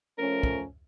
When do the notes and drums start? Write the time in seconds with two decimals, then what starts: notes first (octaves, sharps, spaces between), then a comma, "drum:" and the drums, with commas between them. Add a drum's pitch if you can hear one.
0.18 F3 A3 C#4 A#4
0.43 drum: kick